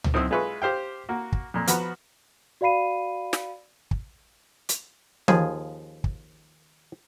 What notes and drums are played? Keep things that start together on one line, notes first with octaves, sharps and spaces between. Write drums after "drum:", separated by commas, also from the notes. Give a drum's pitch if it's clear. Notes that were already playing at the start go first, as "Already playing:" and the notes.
drum: tom C#2
B1 C4 E4 D#6
G#3 F4 B4 E5 C#6
G4 C5 F5 G5
A#3 F#4
drum: kick
F2 A#2
F3 B3 F#4 A#5 B5, drum: hi-hat
F#4 D5 F5 B5 C7 D#7
drum: snare
drum: kick
drum: hi-hat
D#2 F3 G#4, drum: tom E3
drum: kick